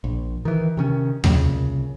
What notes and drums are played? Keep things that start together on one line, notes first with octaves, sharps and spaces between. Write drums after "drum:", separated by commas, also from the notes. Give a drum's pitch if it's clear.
A#1
D#3 E3
C3 D#3 C#4
C2 A#2 C#3, drum: tom D#2